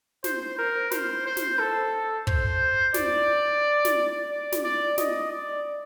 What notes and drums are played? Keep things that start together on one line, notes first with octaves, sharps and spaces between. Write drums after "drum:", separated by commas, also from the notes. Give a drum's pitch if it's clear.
C5, drum: snare
A#4
C5, drum: snare
C5
drum: snare
A4
C5, drum: kick
D5, drum: snare
drum: snare
D5
drum: snare
D5
D#5, drum: snare
D5